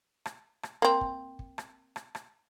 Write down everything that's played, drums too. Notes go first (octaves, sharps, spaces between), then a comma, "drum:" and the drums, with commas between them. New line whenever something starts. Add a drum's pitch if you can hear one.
drum: rim click
drum: rim click
A#3 C4
drum: kick
drum: kick
drum: rim click
drum: rim click
drum: rim click